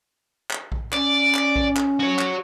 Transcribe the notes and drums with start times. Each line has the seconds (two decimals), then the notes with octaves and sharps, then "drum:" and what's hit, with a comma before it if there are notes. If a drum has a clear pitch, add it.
0.51 drum: clap
0.72 drum: kick A#1
0.93 C#4 D5, drum: clap
1.35 drum: clap
1.56 drum: kick A#1
1.77 drum: clap
2.00 F#4 C#5
2.19 drum: clap